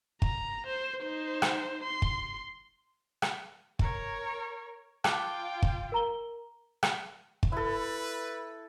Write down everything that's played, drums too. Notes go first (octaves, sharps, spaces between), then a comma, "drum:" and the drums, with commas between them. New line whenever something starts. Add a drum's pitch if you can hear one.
A#5, drum: kick
C5
D#4 C5
drum: rim click
C6
drum: kick
drum: rim click
A#4 C#5, drum: kick
F4 G5 A5 D6 F#6, drum: rim click
drum: kick
A#4 A#5 G7
drum: rim click
drum: kick
E4 A4 B4